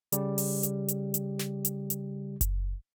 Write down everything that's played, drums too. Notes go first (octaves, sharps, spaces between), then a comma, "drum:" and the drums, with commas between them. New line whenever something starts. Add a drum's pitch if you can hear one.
C#3 G3 G4, drum: hi-hat
drum: open hi-hat
drum: hi-hat
drum: hi-hat
drum: hi-hat
drum: snare
drum: hi-hat
drum: hi-hat
drum: kick F#1, hi-hat